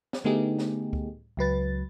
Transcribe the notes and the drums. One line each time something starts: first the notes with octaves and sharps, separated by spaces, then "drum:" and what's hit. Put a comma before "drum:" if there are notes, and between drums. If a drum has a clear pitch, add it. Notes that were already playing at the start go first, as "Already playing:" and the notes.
drum: snare
D3 A3 B3 D#4 G4 G#4
drum: snare
drum: kick C#2
C#2 F#3 B4 A6